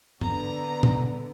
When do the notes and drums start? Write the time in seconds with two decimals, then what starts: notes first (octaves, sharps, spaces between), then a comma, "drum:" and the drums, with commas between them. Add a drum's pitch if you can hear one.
0.21 D3 B3 A#5, drum: tom
0.83 drum: tom